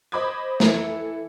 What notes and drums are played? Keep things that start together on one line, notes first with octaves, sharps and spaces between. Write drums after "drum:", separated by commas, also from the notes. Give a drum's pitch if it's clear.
C5 D#5 B5 D6 D#6 G#6
E3 E4 A4, drum: snare